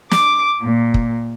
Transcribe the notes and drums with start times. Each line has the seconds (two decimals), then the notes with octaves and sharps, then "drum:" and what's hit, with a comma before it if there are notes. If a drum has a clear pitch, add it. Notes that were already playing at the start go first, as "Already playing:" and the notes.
0.11 D6, drum: snare
0.62 A#2
0.94 drum: kick